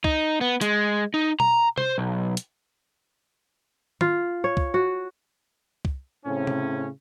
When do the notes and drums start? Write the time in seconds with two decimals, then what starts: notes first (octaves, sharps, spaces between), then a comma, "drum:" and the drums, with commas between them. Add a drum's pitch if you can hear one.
0.04 D#4, drum: kick C2
0.41 B3
0.61 G#3, drum: hi-hat
1.14 D#4
1.40 A#5, drum: tom B2
1.78 C5, drum: tom C3
1.98 B1
2.37 drum: hi-hat
4.01 F4, drum: tom D#3
4.44 C#5
4.57 drum: kick C2
4.74 F#4
5.85 drum: kick C2
6.26 A2 C#3 C4 C#4
6.47 drum: tom C3